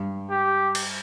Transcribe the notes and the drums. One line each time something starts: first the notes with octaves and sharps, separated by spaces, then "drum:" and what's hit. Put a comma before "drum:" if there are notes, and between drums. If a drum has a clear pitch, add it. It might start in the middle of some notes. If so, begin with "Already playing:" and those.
Already playing: G2
G4
drum: cymbal